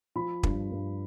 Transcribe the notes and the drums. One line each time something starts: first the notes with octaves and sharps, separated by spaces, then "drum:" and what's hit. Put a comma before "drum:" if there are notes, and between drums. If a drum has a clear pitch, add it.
F3 B5
G2, drum: kick
G2